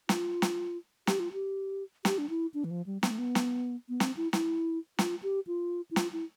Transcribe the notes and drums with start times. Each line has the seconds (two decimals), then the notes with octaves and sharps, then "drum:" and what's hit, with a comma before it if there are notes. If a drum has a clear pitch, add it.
0.09 F4, drum: snare
0.42 drum: snare
1.07 G4, drum: snare
1.20 F4
1.33 G4
2.05 G4, drum: snare
2.18 D4
2.29 E4
2.54 D4
2.64 E3
2.71 F3
2.86 G3
3.03 B3, drum: snare
3.10 A3
3.18 B3
3.35 drum: snare
3.89 B3
4.00 C4, drum: snare
4.17 E4
4.33 E4, drum: snare
4.99 F4, drum: snare
5.23 G4
5.47 F4
5.91 E4
5.96 F4, drum: snare
6.13 E4